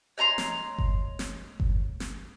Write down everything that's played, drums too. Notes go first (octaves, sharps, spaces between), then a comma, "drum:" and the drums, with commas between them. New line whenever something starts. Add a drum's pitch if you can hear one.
C#5 D#5 A#5 C6
drum: snare
drum: kick G1
drum: snare
drum: kick G1
drum: snare